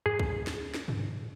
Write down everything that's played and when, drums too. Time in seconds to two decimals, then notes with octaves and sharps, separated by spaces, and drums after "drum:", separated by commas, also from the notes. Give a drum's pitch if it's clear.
0.06 G#4
0.19 drum: kick
0.47 drum: snare
0.74 drum: snare
0.88 drum: tom G2